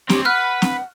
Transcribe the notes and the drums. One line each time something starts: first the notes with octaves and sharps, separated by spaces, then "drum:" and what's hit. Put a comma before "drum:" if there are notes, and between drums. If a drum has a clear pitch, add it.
C4 G4 C#5, drum: snare C4
B4 F#5 F6 F#6
drum: snare C4